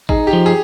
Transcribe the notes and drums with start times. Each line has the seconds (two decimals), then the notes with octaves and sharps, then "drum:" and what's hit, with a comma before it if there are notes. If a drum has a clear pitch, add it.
0.09 D#4 G#4, drum: kick A1
0.27 G4
0.33 F3
0.46 G#4